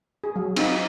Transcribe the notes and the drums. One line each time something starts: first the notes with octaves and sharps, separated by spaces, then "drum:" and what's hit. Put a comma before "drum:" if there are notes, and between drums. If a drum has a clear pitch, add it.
G#4
F#3
C4 D#4 F4 F#4, drum: cymbal